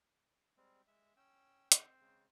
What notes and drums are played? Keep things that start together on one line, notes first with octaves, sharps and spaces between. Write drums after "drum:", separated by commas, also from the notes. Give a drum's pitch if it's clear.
G3 G#3 C4
G#3 E5
C#4 G5 E6
C4, drum: hi-hat
C#3 G#3